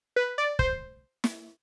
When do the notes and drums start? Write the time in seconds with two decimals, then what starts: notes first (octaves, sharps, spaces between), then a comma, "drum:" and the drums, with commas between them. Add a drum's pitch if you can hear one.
0.16 B4
0.38 D5
0.59 C5, drum: kick
1.24 drum: snare